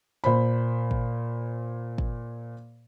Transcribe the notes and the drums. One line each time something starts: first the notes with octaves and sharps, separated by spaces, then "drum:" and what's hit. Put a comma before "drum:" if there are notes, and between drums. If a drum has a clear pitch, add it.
A#2 C5 B5
drum: kick
drum: kick